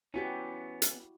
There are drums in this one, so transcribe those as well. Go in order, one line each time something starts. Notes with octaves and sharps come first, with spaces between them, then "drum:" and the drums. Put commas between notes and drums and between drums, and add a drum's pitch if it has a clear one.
E3 B3 C#4 E4 F#4 G4
drum: hi-hat